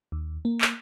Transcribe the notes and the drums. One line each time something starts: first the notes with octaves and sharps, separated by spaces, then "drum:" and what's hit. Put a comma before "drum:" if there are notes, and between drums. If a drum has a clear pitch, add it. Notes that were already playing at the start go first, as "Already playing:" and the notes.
D#2
A#3
drum: clap